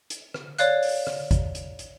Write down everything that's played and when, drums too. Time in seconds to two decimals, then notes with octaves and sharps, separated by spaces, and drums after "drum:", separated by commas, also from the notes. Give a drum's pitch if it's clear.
0.10 drum: hi-hat
0.34 drum: rim click
0.59 C#5 D5 F5 F#6, drum: hi-hat
0.83 drum: open hi-hat
1.07 drum: rim click
1.31 drum: kick, hi-hat
1.55 drum: hi-hat
1.79 drum: hi-hat